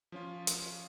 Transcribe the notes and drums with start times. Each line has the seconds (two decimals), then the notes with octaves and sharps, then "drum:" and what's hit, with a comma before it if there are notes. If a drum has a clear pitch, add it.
0.12 F3 C#4 F4
0.47 drum: hi-hat